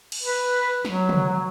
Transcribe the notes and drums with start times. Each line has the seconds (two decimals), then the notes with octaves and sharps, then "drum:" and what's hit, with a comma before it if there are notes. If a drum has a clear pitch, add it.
0.12 drum: cymbal
0.23 B4
0.85 F#3, drum: snare
1.09 drum: tom